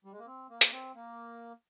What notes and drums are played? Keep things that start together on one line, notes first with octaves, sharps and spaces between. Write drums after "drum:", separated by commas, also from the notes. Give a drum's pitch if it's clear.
G3
G#3
A#3
C4
A#3
drum: hi-hat
C4
A#3